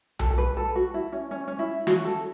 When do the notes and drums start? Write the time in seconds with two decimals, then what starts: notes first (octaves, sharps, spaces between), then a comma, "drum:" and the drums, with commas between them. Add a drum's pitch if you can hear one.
0.19 A4, drum: tom B1
0.30 A4
0.38 B4
0.57 A4
0.76 F#4
0.94 E4
1.12 C#4
1.31 C#4
1.48 C#4
1.59 E4
1.87 F#4, drum: snare
2.05 A4